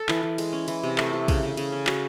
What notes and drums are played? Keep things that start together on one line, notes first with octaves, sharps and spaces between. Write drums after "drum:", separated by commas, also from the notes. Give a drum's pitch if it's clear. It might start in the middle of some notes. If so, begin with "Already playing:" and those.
Already playing: A4
E3, drum: clap
E3
G#3, drum: cymbal
C#4
E3, drum: cymbal
C3
A3, drum: clap
C3
C#3, drum: kick, cymbal
C#3
C#3, drum: cymbal
C#4
F#4, drum: clap